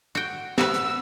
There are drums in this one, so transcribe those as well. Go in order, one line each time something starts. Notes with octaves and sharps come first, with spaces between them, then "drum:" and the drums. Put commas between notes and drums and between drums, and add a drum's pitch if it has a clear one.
F#4 G5
F#4 B4 E6, drum: snare
drum: hi-hat